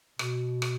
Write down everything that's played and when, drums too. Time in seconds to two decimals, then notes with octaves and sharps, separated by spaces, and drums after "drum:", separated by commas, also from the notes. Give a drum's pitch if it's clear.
0.19 B2, drum: rim click
0.62 drum: rim click